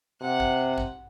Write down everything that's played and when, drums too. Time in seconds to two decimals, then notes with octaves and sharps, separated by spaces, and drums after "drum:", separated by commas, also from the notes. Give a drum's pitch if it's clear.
0.21 C3 F#5
0.40 drum: kick
0.78 drum: kick